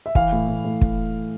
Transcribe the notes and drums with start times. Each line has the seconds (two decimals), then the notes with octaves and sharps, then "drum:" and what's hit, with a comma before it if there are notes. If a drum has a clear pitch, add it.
0.06 E5
0.15 E3 F5, drum: kick
0.32 A2
0.48 A2
0.65 A2
0.81 drum: kick